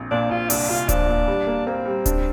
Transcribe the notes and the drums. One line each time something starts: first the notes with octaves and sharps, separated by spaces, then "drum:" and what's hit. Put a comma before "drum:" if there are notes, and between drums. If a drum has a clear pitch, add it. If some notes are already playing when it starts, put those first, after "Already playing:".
Already playing: A#1 C4
A#2 D4
A#1 F4
C2 D4, drum: open hi-hat
C2 F4
F3 D4, drum: kick D1, hi-hat
A#2
G3
A#3
A#3 C4
G3
D4, drum: kick D1, hi-hat